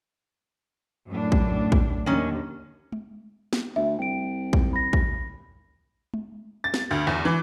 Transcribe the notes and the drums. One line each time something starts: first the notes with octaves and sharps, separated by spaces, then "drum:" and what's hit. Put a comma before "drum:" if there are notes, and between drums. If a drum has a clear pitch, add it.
F#2 A2 D4
drum: kick
drum: kick
D#2 D3 D#3 C#4
drum: tom G#3
drum: snare
D2 E5
C2 G5 D7
drum: kick
B5 A#6
drum: kick
drum: tom G#3
A6
drum: snare
D2
E2
E3